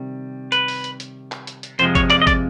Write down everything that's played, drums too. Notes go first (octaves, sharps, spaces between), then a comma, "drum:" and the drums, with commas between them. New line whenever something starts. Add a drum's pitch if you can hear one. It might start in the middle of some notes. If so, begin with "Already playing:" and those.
Already playing: C3 D#3 G3
B4, drum: hi-hat
drum: open hi-hat
drum: hi-hat
drum: hi-hat
drum: clap
drum: hi-hat
drum: hi-hat
F2 C3 F3 G#3 C5, drum: hi-hat
C#5, drum: kick G#1, hi-hat
D5, drum: clap
D#5
D5, drum: kick G#1, hi-hat